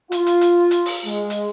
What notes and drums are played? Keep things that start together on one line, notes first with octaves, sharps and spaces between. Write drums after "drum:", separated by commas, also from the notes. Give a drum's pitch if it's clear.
F4, drum: hi-hat
drum: hi-hat
drum: hi-hat
drum: hi-hat
drum: open hi-hat
G#3
drum: hi-hat